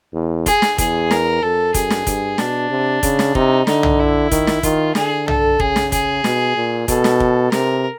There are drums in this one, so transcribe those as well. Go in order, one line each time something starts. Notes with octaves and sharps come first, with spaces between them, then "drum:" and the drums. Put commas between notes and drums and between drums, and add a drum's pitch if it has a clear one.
E2
G#4, drum: kick, hi-hat
drum: snare
E2 G#4, drum: kick, hi-hat
A#4, drum: snare
F2 A4
F#2 G#4, drum: kick, hi-hat
drum: snare
G2, drum: kick, hi-hat
B2 D4, drum: snare
C3
C#3, drum: kick, hi-hat
drum: snare
C3 D#4, drum: kick
D3 D#4, drum: snare
drum: tom
E4
D#3, drum: kick, hi-hat
drum: snare
D#3 F4, drum: kick, hi-hat
D3 G#4, drum: snare
A4, drum: tom
C#3 G#4, drum: kick
drum: snare
G#4, drum: kick, hi-hat
B2, drum: snare
A#2
B2 A4, drum: kick, hi-hat
drum: snare
drum: kick
C3 A#4, drum: snare